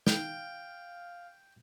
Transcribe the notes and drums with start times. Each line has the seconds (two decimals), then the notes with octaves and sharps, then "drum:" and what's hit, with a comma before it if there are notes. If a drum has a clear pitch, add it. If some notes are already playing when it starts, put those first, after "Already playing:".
0.07 F5 G5, drum: snare